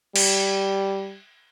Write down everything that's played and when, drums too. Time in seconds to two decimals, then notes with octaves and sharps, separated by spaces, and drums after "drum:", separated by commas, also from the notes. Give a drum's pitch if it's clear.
0.16 G3, drum: cymbal